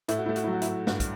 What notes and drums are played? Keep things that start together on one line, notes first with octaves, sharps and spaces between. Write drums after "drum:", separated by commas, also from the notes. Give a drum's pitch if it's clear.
A2 E4, drum: hi-hat
F#4
A3 E4
F#4, drum: hi-hat
F#3 E4
F#4
E4, drum: hi-hat
A2
G2 F#4, drum: snare
drum: kick, hi-hat